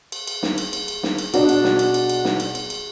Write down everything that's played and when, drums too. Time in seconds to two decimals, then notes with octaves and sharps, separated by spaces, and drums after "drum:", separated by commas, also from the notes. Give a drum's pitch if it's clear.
0.12 drum: cymbal
0.27 drum: cymbal
0.43 drum: snare
0.58 drum: cymbal
0.73 drum: cymbal
0.88 drum: cymbal
1.03 drum: snare
1.18 drum: cymbal
1.34 B2 D4 F#4, drum: cymbal
1.49 drum: cymbal
1.64 drum: snare
1.79 drum: cymbal
1.94 drum: cymbal
2.09 drum: cymbal
2.25 drum: snare
2.40 drum: cymbal
2.55 drum: cymbal
2.70 drum: cymbal